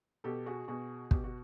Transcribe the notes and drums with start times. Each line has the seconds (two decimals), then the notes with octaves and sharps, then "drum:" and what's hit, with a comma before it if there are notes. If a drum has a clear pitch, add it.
0.24 B2 G4 A4
0.46 F#4 G#4
0.68 B2 F#4 G#4
1.11 B2 G4, drum: kick
1.24 F#4